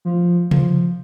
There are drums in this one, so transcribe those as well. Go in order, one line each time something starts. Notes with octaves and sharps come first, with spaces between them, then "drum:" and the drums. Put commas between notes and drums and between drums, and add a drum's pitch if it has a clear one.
F3
F3, drum: tom C3